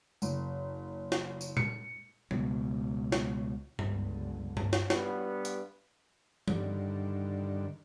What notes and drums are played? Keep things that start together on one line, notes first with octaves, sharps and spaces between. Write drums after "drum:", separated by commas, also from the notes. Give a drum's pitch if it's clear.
F#1, drum: tambourine
drum: snare
drum: tambourine
C#7, drum: tom A#2
C#2 B2, drum: tom F3
drum: snare
G1 C#2 G2 D3, drum: tom G2
drum: tom G2
drum: snare
G2 B3, drum: snare
drum: hi-hat
G2 D3 D#3, drum: tom